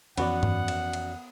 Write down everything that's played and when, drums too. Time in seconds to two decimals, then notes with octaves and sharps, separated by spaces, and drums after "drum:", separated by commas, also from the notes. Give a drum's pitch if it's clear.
0.17 F2 E3 B3 C#4 F#4 D5 F#5, drum: cymbal
0.43 drum: tom G2
0.68 drum: cymbal
0.93 drum: cymbal